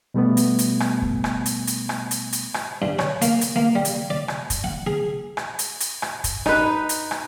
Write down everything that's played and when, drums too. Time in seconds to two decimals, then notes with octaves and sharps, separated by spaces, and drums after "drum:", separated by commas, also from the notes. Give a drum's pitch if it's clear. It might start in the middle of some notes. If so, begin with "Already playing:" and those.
0.14 B2 G3 A3 B3
0.37 drum: hi-hat
0.59 drum: hi-hat
0.80 drum: rim click
1.02 drum: kick
1.24 drum: rim click
1.46 drum: hi-hat
1.67 drum: hi-hat
1.89 drum: rim click
2.11 drum: hi-hat
2.33 drum: hi-hat
2.54 drum: rim click
2.82 G2
2.99 C#5, drum: rim click
3.22 A#3, drum: hi-hat
3.41 drum: hi-hat
3.56 A#3
3.75 G3
3.85 drum: hi-hat
4.10 D5
4.28 drum: rim click
4.50 drum: kick, hi-hat
4.64 F#5
4.87 G#4
5.37 drum: rim click
5.59 drum: hi-hat
5.80 drum: hi-hat
6.02 drum: rim click
6.24 drum: kick, hi-hat
6.46 D#4 B4, drum: rim click
6.89 drum: hi-hat
7.11 drum: rim click